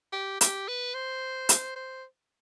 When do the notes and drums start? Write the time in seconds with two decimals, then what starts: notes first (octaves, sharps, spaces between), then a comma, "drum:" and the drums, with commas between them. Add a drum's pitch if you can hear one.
0.13 G4
0.41 G4, drum: hi-hat
0.68 B4
0.94 C5
1.49 drum: hi-hat
1.76 C5